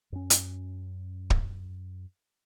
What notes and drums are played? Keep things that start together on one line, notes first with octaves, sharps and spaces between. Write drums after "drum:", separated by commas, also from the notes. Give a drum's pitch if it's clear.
F#2 C#4
drum: hi-hat
drum: kick